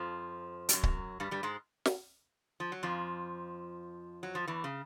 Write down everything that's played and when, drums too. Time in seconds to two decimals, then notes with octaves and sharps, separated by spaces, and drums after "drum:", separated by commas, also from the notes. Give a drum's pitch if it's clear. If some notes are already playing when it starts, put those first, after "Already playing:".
Already playing: F2 F3
0.69 G3, drum: hi-hat
0.73 F#2 F#3
0.83 drum: kick C#1
1.20 G2 G3
1.31 G2 G3
1.43 G#2 G#3
1.85 drum: snare
2.60 F3
2.72 F#3
2.83 F2 F3
4.23 F#3
4.35 F3
4.47 E2 E3
4.64 C#3